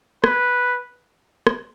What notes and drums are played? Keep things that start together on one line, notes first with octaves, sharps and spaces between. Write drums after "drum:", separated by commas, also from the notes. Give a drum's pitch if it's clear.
B4, drum: rim click
drum: rim click